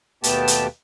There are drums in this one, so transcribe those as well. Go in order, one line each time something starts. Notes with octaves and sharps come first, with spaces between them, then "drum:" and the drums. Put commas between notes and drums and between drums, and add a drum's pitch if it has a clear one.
D#2 B2 A3 B3 G4 A5, drum: hi-hat
drum: hi-hat